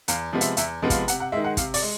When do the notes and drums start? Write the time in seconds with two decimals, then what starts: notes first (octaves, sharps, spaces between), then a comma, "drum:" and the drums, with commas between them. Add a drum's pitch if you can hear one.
0.08 E2 F5, drum: hi-hat
0.33 C3 F3 G#3 B3
0.41 E5, drum: hi-hat
0.57 E2 E5, drum: hi-hat
0.82 C3 F3 G#3 B3
0.90 F5, drum: kick, hi-hat
1.08 C3 F#5, drum: hi-hat
1.20 F#5
1.32 D#3 G#3 E5
1.44 F#5
1.57 C3 F5, drum: kick, hi-hat
1.74 D5, drum: open hi-hat
1.82 G#3